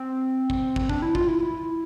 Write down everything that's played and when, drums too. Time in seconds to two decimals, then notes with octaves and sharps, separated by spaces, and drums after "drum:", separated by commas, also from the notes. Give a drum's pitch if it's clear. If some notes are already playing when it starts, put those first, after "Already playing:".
Already playing: C4
0.50 drum: kick
0.76 drum: kick
0.89 D4, drum: kick
1.02 E4
1.15 F4, drum: kick
1.28 E4
1.40 E4